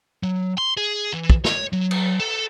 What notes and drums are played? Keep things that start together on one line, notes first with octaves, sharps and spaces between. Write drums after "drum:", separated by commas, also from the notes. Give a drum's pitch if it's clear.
F#3
C6
G#4
E3
drum: kick
C#5, drum: snare
F#3
drum: cymbal
A4